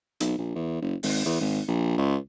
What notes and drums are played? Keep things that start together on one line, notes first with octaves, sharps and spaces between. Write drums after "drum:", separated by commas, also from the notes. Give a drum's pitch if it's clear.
B1, drum: hi-hat
A#1
E2
F#1
G#1, drum: open hi-hat
E2
G#1
A#1
C#2